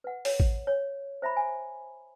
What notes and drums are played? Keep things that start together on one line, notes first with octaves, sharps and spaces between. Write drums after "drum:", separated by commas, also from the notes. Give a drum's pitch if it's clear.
B4 F#5
C#5, drum: open hi-hat
drum: kick A1
C#5
C5 E5 A#5 B5
G#5